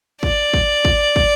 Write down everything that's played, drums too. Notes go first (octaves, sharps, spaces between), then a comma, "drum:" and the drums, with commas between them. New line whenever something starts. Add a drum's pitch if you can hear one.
D5, drum: kick
drum: kick
drum: kick
drum: kick